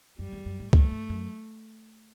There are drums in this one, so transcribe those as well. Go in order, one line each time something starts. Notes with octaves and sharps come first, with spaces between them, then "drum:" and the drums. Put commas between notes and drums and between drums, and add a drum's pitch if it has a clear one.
F#2 G3
E2
F#2
A2
A2 A3, drum: kick
G2
F#2